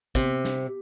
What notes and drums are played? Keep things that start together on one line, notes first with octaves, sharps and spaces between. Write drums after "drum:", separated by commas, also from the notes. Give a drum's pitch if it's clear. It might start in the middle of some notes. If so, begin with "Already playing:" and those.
C3, drum: kick
drum: snare